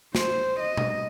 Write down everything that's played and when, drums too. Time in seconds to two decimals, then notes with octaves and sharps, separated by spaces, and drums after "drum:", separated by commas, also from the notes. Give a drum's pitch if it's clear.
0.15 C5, drum: snare
0.60 D#5
0.77 drum: tom B2